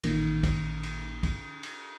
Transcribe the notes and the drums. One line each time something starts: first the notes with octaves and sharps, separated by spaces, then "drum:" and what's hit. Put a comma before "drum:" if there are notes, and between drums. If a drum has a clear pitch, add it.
A1 A#2 D#3, drum: cymbal
drum: kick, cymbal
drum: cymbal
drum: kick, cymbal
drum: cymbal